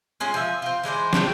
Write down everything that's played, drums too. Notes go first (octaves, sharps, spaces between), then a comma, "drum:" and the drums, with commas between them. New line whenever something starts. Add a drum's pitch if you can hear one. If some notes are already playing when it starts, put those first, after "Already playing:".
G#3 C#4 F4
F3 E5
C4 F4
E3 G#3 D4 C5
C#3 D4 B4 G5, drum: snare